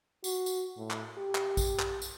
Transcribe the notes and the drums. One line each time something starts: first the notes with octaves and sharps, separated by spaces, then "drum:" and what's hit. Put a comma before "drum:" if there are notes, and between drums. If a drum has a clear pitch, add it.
F#4, drum: tambourine
drum: tambourine
A2
drum: clap
G4
drum: clap
drum: kick A1, tambourine
drum: clap
drum: tambourine